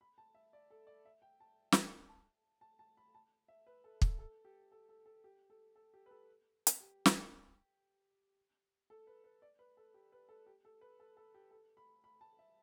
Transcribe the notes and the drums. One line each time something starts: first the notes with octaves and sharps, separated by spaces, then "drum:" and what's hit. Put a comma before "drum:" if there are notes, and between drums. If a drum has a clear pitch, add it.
B5
A5
E5
D5
A4
D5
E5
G5
A5
drum: snare
A5
A5
A5
B5
A5
E5
B4
A4
A4, drum: kick
A4
G4
A4
A4
A4
G4
A4
A4
G4
B4
A4
drum: hi-hat
G4
drum: snare
A4
B4
B4
D5
B4
A4
G4
B4
A4
G4
A4
B4
A4
A4
G4
A4
B5
B5
A5
E5